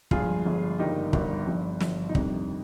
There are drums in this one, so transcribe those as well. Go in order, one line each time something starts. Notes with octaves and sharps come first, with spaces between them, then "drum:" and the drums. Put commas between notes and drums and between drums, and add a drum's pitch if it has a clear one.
G1 G2 F3 G#3 F4 G#4, drum: kick
G1 G2 F3 G#3
G1 G2 D#3 A#3 D#4 G4
G1 G2 D#3 A#3, drum: kick
G1 G2 F3
G1 G2 F3, drum: snare
D#4
F2 C3 D#3 G3 D4, drum: kick